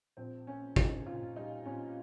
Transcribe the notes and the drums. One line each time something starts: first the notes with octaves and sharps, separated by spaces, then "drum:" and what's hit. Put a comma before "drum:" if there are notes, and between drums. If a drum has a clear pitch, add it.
A#1 C4
A#3 C#4
A#2 D#4, drum: kick
A#2 F4
G3 D#4
A#2 C#4